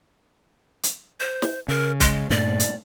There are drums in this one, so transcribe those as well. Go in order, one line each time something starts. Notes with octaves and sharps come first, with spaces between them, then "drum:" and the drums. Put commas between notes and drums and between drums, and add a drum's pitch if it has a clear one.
drum: hi-hat
C5
drum: snare
C#3 A#4
G#3, drum: kick, hi-hat
G2 A#2 A3 D5
drum: hi-hat